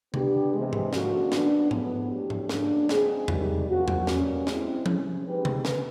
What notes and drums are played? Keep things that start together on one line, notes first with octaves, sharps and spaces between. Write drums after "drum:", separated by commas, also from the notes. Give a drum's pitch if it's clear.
B3 D4 G4, drum: tom C3
C3 E3 G#3
drum: tom G#2
D3 F3 A#3 C#4 F#4, drum: snare
F#3 B3 D4, drum: snare
A2 F3 G#3 B3, drum: tom G#2
A2 F#3 A3 D4 G4
drum: tom G#2
C#3 F#3 A#3 D4, drum: snare
G#3 C4 F4 G#4, drum: snare
C3 D#3 G3, drum: tom E2
F3 A#3 C#4 F#4
drum: tom E2
B2 G3 A#3 C#4, drum: snare
G#3 C4 E4, drum: snare
C3 E3 G#3 C#4, drum: tom F3
G#3 C4 D#4 G4 B4
drum: tom C3
drum: snare